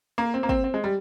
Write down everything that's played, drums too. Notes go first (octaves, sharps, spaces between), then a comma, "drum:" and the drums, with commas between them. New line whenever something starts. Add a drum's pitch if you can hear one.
A#3
C4
A#3
C4, drum: kick
C4
G#3
G3